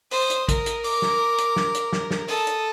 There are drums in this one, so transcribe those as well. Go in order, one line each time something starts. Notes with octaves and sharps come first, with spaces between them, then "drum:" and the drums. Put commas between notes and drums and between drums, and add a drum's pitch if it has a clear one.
C5 D#6, drum: open hi-hat
drum: hi-hat
A#4, drum: kick, hi-hat
drum: hi-hat
D6, drum: open hi-hat
drum: snare
drum: hi-hat
drum: snare
drum: hi-hat
drum: snare
drum: snare
A4 D#6, drum: open hi-hat
drum: hi-hat